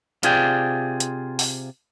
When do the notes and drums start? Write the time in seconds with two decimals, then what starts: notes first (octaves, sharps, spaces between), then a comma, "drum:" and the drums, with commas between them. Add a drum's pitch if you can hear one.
0.23 C3 F4 G#4 D5 G5, drum: hi-hat
1.00 drum: hi-hat
1.39 drum: open hi-hat